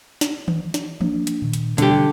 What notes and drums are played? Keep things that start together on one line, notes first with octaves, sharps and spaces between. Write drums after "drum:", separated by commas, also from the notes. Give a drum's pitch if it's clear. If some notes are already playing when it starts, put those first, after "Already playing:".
drum: snare
drum: tom D#3
drum: snare
A#3 D4, drum: tom E3
drum: hi-hat
A#2 D#3
drum: hi-hat
B2 D3 E3 G3 G4, drum: hi-hat